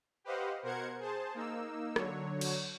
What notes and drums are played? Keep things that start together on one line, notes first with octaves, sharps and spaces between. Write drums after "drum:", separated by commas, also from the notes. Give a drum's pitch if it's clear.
G4 B4 C5 D#5 F5 F#5
B2 A#4 C5 F#5 G#6 C#7
G#4 C5 A5
A#3 D#4 E6
D3 F#3 C#5, drum: rim click
drum: cymbal